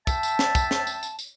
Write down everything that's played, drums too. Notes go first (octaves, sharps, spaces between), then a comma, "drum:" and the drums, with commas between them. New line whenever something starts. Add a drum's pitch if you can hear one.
E5 G5 A5, drum: kick, tambourine
drum: tambourine
drum: snare
drum: kick, tambourine
drum: snare
drum: tambourine
drum: tambourine
drum: tambourine